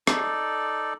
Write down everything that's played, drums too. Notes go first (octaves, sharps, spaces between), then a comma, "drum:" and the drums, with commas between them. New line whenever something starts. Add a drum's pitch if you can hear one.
D#4 A4 D5, drum: rim click